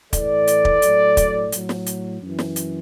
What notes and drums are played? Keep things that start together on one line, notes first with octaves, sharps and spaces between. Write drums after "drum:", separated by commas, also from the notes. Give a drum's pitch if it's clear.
A2 E3 A4 D5, drum: kick, hi-hat
drum: hi-hat
drum: kick
A2 F#3, drum: hi-hat
drum: kick, hi-hat
A2 F#3, drum: hi-hat
drum: snare
drum: hi-hat
F#2 E3
drum: snare
drum: hi-hat